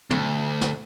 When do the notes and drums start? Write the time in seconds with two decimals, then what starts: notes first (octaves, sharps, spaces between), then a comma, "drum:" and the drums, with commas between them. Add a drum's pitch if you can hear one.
0.10 D2, drum: tom
0.61 drum: snare